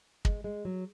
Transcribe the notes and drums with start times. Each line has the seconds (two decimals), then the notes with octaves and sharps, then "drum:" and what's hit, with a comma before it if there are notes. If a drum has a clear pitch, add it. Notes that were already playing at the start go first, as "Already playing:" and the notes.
0.25 G#3, drum: kick
0.44 G#3
0.65 F#3